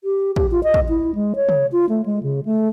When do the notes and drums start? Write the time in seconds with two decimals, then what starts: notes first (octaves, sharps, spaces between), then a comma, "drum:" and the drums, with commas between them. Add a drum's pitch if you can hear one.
0.04 G4
0.36 G4, drum: kick
0.51 F4
0.64 D#5
0.74 drum: kick
0.89 E4
1.15 G#3
1.36 C#5
1.49 drum: tom
1.72 F4
1.89 A3
2.05 G#3
2.23 C#3
2.45 A3